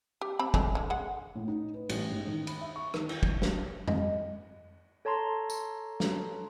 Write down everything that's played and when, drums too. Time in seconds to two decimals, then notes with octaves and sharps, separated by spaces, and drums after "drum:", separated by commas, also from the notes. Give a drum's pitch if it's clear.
0.21 G4
0.39 C4 B5
0.54 G#3 A3 D4, drum: kick
0.75 D3 G#3
0.90 G#3 F#5
1.35 A2
1.48 D#4
1.74 B4
1.89 A1, drum: cymbal
2.11 G#2
2.27 D#3
2.47 B5, drum: cymbal
2.61 E5
2.76 C#6
2.94 D#3, drum: rim click
3.09 E4, drum: cymbal
3.23 drum: kick
3.42 drum: snare
3.88 D#5, drum: tom F2
5.05 A4 C#5 A5 A#5 C6
5.50 drum: tambourine
6.00 drum: snare